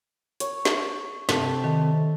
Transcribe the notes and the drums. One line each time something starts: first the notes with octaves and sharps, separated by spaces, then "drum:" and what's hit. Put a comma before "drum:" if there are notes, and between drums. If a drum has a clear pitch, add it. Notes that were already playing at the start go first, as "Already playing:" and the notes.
C#5, drum: hi-hat
drum: snare
C3 A4, drum: snare
D#3 A4